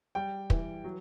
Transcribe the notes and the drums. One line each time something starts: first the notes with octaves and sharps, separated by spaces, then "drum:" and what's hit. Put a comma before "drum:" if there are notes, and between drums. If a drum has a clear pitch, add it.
G3 G5
E3, drum: kick
F#3